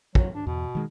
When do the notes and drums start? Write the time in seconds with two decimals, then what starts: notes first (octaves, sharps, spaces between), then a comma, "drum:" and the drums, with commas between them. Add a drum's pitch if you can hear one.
0.15 F#3, drum: kick
0.35 D4
0.47 E2 B2
0.75 D#3 G#3